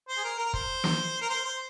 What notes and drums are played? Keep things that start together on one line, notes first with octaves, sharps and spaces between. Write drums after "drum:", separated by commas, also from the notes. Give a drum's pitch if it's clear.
C5
G#4
A#4
A#4
C5, drum: kick
drum: snare
A#4
C5
C5